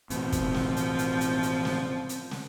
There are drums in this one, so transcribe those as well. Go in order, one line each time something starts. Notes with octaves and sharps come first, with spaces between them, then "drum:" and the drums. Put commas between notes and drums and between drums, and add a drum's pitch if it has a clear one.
A1 B2 F3 C4, drum: hi-hat
drum: kick, hi-hat
drum: snare
drum: hi-hat
drum: hi-hat
drum: hi-hat
drum: hi-hat
drum: snare
drum: hi-hat
drum: snare